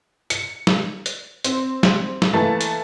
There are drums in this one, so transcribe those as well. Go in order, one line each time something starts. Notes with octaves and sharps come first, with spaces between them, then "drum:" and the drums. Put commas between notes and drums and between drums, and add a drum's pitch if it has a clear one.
C#7, drum: hi-hat
drum: snare
drum: hi-hat
C4, drum: hi-hat
drum: snare
drum: snare
E3 A3 A#3 A5 A6
drum: hi-hat